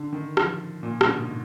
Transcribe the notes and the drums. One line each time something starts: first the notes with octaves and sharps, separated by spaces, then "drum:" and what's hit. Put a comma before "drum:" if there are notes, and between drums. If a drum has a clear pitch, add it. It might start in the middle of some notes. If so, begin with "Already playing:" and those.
Already playing: D3
D#3
F3, drum: rim click
A#2
D3, drum: rim click
B2
G#2